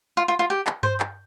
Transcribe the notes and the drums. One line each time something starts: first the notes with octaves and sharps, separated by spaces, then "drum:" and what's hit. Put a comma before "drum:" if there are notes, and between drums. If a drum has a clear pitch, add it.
F4
F4
F4
G4
drum: clap
C5, drum: tom G2
drum: clap